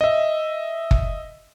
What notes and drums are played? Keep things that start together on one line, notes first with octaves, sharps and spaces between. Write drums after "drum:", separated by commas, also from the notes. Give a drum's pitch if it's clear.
D#5 E5
drum: kick